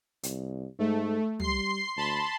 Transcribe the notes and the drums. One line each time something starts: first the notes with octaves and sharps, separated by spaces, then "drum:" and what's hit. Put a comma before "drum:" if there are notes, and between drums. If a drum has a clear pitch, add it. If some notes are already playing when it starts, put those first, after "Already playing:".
C2, drum: hi-hat
G#2 A3
G3 C6 C7, drum: tom
D2 A5 B5 C6